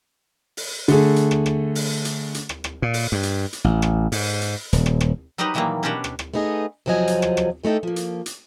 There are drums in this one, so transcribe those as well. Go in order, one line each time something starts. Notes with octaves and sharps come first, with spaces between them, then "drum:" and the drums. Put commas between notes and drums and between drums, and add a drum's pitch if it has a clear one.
drum: open hi-hat
D3 A3 G#4, drum: hi-hat
drum: hi-hat
drum: rim click
drum: rim click
drum: open hi-hat
drum: hi-hat
drum: hi-hat
drum: rim click
drum: rim click
A#2
drum: open hi-hat
G2
drum: hi-hat
drum: hi-hat
A1
drum: rim click
G#2, drum: open hi-hat
drum: hi-hat
D#1, drum: hi-hat
drum: rim click
drum: rim click
F#3 G3 D#4 G4 B4 D#5
A#2 D#3 E3 F#3 G3 A#3
B2 C#4 D4 F#4 G4 B4
drum: rim click
drum: rim click
A3 B3 D#4 G#4 D#5
E2 C3 F3 F#3 D#5 G#5
drum: hi-hat
drum: rim click
drum: rim click
E3 A3 D#4 A4 G5
F3 A#3
drum: hi-hat
drum: hi-hat